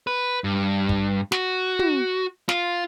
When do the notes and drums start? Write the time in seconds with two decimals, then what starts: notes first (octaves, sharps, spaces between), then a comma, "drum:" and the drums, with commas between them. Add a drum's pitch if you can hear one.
0.07 B4
0.44 G2
0.89 drum: kick
1.32 F#4, drum: snare
1.79 drum: tom
2.49 F4, drum: snare